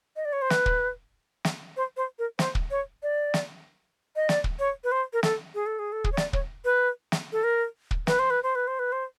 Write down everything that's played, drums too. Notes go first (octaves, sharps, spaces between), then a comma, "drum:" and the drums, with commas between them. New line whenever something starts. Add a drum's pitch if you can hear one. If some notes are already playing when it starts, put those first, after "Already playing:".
D#5
D5
C#5
C5
B4, drum: snare
drum: kick
drum: snare
C5
C5
A#4
C5, drum: snare
drum: kick
C#5
D5
drum: snare
D#5
D5, drum: snare
drum: kick
C#5
B4
C5
A#4
A4, drum: snare
G#4
A4
G#4
A4
G#4, drum: kick
C#5
D5, drum: snare
C#5, drum: kick
B4
drum: snare
A4
A#4
drum: kick
B4, drum: snare
C5
B4
C5
B4
C5
B4
C5